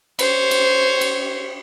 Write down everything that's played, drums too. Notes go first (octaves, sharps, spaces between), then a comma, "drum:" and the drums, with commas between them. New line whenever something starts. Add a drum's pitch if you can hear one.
C5 C#5, drum: cymbal
drum: cymbal
drum: cymbal